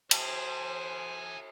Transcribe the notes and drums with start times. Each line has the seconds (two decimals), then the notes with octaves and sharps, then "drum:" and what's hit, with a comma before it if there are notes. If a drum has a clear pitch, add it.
0.11 C5 E5 G#5, drum: cymbal